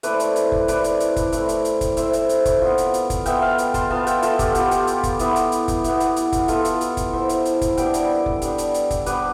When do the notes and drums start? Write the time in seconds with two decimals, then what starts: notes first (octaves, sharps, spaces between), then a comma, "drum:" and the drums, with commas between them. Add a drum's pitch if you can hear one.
0.03 A3 C4 E4 B4 D5, drum: hi-hat
0.20 drum: hi-hat
0.36 drum: hi-hat
0.52 drum: kick F1
0.68 A3 C4 E4 B4 D5, drum: hi-hat
0.84 drum: hi-hat
1.00 drum: hi-hat
1.16 drum: kick F1, hi-hat
1.32 A3 C4 E4, drum: hi-hat
1.49 drum: hi-hat
1.65 drum: hi-hat
1.81 drum: kick F1, hi-hat
1.97 A3 C4 E4 C5 E5, drum: hi-hat
2.13 drum: hi-hat
2.29 drum: hi-hat
2.45 drum: kick F1, hi-hat
2.61 B3 F4
2.78 drum: hi-hat
2.94 drum: hi-hat
3.10 drum: kick F1, hi-hat
3.26 B3 F4 E5 G5, drum: hi-hat
3.42 F5 A5
3.58 drum: hi-hat
3.74 A5 C6, drum: kick F1, hi-hat
3.90 B3 F4 F5 A5
4.07 E5 G5, drum: hi-hat
4.22 F4 A4, drum: hi-hat
4.39 G4, drum: kick F1, hi-hat
4.55 B3 F4 G4, drum: hi-hat
4.71 drum: hi-hat
4.87 drum: hi-hat
5.03 drum: kick F1, hi-hat
5.19 B3 E4, drum: hi-hat
5.36 drum: hi-hat
5.52 drum: hi-hat
5.68 drum: kick F1, hi-hat
5.84 B3 E4, drum: hi-hat
6.00 drum: hi-hat
6.16 drum: hi-hat
6.32 drum: kick F1, hi-hat
6.48 B3 E4 F4 A4, drum: hi-hat
6.65 drum: hi-hat
6.81 drum: hi-hat
6.97 drum: kick F1, hi-hat
7.13 B3 E4 C5 E5
7.29 drum: hi-hat
7.45 drum: hi-hat
7.61 drum: kick F1, hi-hat
7.77 G3 B3 D4 E5 G5, drum: hi-hat
7.94 drum: hi-hat
8.26 drum: kick F1
8.42 G3 B3 D4, drum: hi-hat
8.58 drum: hi-hat
8.74 drum: hi-hat
8.91 drum: kick F1, hi-hat
9.06 G3 B3 D4 G4 B4, drum: hi-hat